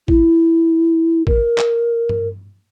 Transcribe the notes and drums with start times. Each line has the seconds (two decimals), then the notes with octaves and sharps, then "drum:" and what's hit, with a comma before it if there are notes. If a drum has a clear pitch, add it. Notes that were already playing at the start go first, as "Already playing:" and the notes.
0.08 E4, drum: kick A1
1.27 A#4, drum: kick A1
1.58 drum: clap
2.09 drum: tom G2